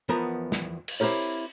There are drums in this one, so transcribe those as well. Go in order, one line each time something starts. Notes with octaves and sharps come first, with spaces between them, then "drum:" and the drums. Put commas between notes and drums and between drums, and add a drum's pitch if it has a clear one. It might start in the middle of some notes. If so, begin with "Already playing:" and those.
E2 F3 B3 A#4 A#5
drum: snare
drum: cymbal
C4 E4 G4 A#4 C#5